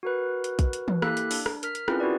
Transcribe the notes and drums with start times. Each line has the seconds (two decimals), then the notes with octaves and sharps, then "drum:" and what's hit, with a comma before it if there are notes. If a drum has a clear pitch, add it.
0.03 F#4 A#4 B4
0.44 drum: hi-hat
0.59 drum: kick A#1, hi-hat
0.73 drum: hi-hat
0.88 drum: tom E3
1.02 A#3 E4 G4 A4 F#6 B6, drum: rim click
1.17 drum: hi-hat
1.31 D4, drum: open hi-hat
1.46 drum: rim click
1.63 A#4 F6 B6, drum: hi-hat
1.75 drum: hi-hat
1.88 C4 C#4 E4 F4 G#4 B4, drum: rim click
2.00 E4 F#4 A#4 B4 D5